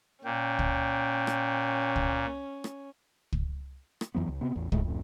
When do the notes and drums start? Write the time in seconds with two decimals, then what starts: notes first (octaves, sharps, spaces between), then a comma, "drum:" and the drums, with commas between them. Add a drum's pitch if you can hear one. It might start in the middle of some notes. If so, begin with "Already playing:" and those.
0.25 A#2 C#4 G5
0.59 drum: kick
1.27 drum: rim click
1.96 drum: kick
2.64 drum: rim click
3.32 drum: kick
4.01 drum: rim click
4.15 F2 E3 F#3 B3
4.29 C#2
4.41 C3 B3 C4
4.56 A1 E2
4.72 C#2 A2 G#3 A3, drum: kick
4.84 F2 A2